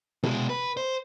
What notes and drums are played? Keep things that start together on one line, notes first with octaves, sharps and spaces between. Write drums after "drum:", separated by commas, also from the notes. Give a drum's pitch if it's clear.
B2 G#3, drum: tom C3
B4
C5